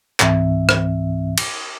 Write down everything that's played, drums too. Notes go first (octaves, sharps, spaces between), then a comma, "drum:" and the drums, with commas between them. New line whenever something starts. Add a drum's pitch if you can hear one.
C#2 G#2 E3 C4 E5, drum: clap
drum: rim click
drum: cymbal